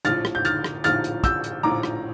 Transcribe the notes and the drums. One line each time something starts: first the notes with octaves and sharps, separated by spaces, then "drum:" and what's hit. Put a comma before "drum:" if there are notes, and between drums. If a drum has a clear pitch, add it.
A#1 A2 F3 F6 A6, drum: hi-hat
drum: rim click
G6
F6 A6, drum: hi-hat
drum: rim click
A#1 A2 F3 F6 A6, drum: hi-hat
drum: hi-hat
E6 G6, drum: kick, hi-hat
drum: hi-hat
A#1 A2 F3 A#5 D6
drum: rim click